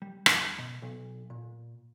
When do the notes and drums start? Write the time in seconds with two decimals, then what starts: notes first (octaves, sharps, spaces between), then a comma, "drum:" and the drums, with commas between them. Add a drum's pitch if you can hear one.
0.02 G3
0.26 F#2, drum: rim click
0.58 B2
0.82 B1
1.30 A#2